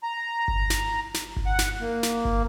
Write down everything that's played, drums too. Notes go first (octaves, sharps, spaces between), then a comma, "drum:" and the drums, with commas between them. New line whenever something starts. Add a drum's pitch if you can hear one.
A#5
drum: kick G1
drum: snare
drum: snare
drum: kick G1
F#5
drum: snare
A#3
drum: snare
drum: kick G1